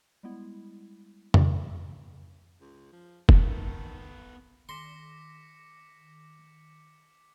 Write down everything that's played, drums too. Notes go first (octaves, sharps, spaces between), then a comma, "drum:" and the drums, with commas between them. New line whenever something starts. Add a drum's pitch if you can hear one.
G3 G#3 B3 E4
drum: tom
C#2
F3
D#3 B3 A4, drum: kick
D#3 C6 D6 A#6 B6 C#7